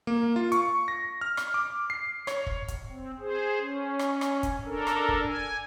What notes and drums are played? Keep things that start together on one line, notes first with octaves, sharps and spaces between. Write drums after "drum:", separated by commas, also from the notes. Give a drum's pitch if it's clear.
A#3
F4
C#6, drum: hi-hat
A#6
F6
drum: rim click
D6
C7
C#5, drum: rim click
drum: kick
drum: kick, hi-hat
C4
G#4 C5
C#4
drum: rim click
drum: rim click
drum: kick, hi-hat
D4 A4 A#4
drum: rim click
drum: kick
G#5